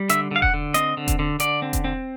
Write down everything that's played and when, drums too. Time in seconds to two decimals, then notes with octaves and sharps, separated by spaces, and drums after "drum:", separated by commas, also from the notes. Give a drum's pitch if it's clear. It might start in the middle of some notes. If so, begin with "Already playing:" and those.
Already playing: G3
0.09 D3 E5, drum: hi-hat
0.31 D3 F5
0.42 F#5, drum: kick E1
0.54 D3
0.74 C4 D#5, drum: hi-hat
0.97 D3
1.08 drum: kick E1, hi-hat
1.19 D3
1.40 D3 D5, drum: hi-hat
1.62 C4
1.73 drum: kick E1, hi-hat
1.84 C4